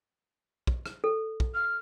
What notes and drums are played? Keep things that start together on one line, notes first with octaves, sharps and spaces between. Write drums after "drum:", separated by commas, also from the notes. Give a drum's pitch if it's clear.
drum: kick
drum: rim click
A4
drum: kick
F6